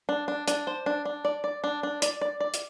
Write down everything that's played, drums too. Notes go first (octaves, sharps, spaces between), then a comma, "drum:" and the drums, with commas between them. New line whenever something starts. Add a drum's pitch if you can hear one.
D4
D4
D4, drum: hi-hat
C5
D4
D4
D5
D5
D4
D4
D5, drum: hi-hat
D5
D5
drum: hi-hat